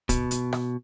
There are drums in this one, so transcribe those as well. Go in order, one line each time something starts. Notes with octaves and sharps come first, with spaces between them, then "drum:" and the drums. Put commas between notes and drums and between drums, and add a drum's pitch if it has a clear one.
B2, drum: kick, hi-hat
drum: hi-hat
drum: rim click